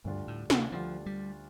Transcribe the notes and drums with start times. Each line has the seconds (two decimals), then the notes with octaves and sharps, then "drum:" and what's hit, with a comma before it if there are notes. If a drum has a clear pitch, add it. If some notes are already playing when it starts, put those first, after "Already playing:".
0.04 D2 G2 D3 G3 D4 F4
0.28 A2
0.50 C3, drum: snare
0.72 D2 D3 F3 G3 D4 F4
1.06 G3